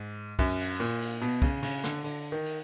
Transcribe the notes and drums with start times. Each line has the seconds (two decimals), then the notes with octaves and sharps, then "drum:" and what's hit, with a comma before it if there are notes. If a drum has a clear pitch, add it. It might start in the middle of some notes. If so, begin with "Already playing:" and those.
Already playing: G#2
0.39 F#2, drum: kick, cymbal
0.60 drum: cymbal
0.80 A#2, drum: cymbal
1.01 drum: cymbal
1.21 B2, drum: cymbal
1.42 C#3, drum: kick, cymbal
1.63 C#3, drum: cymbal
1.84 D3, drum: snare
2.04 D3, drum: cymbal
2.32 D#3
2.45 drum: cymbal